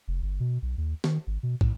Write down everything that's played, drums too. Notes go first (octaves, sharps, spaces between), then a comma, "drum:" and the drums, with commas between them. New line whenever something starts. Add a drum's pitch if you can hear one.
F1
G1
B2
B1
D#2
D#3, drum: snare
G#1
B2
A2, drum: kick